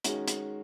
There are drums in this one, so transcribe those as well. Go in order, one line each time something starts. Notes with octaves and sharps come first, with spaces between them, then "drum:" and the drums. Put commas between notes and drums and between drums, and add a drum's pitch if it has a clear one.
D#3 G#3 C#4 F#4, drum: hi-hat
drum: hi-hat